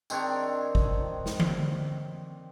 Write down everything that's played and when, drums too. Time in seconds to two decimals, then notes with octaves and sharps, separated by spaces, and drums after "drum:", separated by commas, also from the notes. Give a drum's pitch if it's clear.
0.10 D#3 C4 D4 C#5, drum: tambourine
0.75 drum: kick
1.26 drum: snare
1.40 drum: tom D3